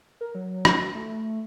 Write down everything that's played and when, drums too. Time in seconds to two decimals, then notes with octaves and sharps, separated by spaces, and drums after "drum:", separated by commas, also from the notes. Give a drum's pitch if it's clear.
0.21 A#4
0.35 F#3
0.65 drum: rim click
0.95 A3